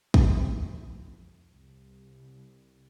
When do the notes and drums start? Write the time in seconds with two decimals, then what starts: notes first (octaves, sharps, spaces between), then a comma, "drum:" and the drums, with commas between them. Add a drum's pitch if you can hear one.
0.14 F2, drum: kick
1.51 C2